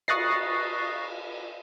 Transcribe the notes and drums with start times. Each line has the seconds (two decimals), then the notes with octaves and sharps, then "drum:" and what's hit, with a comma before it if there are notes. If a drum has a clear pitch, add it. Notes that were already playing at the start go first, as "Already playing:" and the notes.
0.08 C#6 D#6 F#6 A6 A#6 C7, drum: cymbal